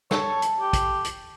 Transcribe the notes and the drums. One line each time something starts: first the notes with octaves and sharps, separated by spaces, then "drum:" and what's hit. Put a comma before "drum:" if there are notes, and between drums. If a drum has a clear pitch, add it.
A4 C#5 A5, drum: snare
drum: hi-hat
G4
drum: kick, hi-hat
drum: hi-hat